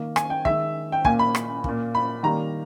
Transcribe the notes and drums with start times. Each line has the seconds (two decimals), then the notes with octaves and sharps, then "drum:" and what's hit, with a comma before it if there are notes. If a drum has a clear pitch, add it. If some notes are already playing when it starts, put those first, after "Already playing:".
Already playing: D#3 A#3
0.16 G#5, drum: rim click
0.30 G5
0.45 D#3 G#3 E5, drum: kick
0.92 G5
1.05 A#2 A#3 G#5, drum: kick
1.19 B5
1.35 drum: rim click
1.64 A#2 A#3, drum: kick
1.95 B5
2.23 D#3 G3 A#3 A#5